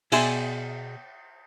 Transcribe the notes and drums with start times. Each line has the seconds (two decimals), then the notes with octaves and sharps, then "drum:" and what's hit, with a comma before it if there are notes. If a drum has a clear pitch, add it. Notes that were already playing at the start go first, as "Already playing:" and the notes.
0.12 B2 G#4 D5 E5 G#5 C6, drum: cymbal